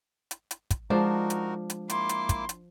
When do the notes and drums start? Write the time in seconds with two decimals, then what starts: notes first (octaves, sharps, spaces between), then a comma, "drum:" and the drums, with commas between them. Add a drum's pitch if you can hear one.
0.31 drum: hi-hat
0.51 drum: hi-hat
0.70 drum: kick, hi-hat
0.90 F3 G#3 D4 D#4 F#4 A#4 C5
1.30 drum: hi-hat
1.70 drum: hi-hat
1.90 A#3 E4 C6 D6, drum: hi-hat
2.09 drum: hi-hat
2.29 drum: kick, hi-hat
2.49 drum: hi-hat